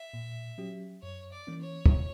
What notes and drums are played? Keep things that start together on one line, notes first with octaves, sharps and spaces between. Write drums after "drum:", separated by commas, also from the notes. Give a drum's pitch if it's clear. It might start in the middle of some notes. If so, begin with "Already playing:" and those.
Already playing: E5
A#2
F#3 C#4 G4
F#2 C#5
D5
E3 A#3 C#4
C#5
drum: kick